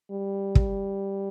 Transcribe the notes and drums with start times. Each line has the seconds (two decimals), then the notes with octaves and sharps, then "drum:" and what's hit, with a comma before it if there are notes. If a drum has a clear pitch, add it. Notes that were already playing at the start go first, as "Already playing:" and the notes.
0.11 G3
0.55 drum: kick